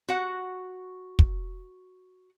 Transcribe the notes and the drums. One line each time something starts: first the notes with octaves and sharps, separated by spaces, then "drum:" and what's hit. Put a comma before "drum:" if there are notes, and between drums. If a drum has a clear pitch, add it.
F#4 F#5
drum: kick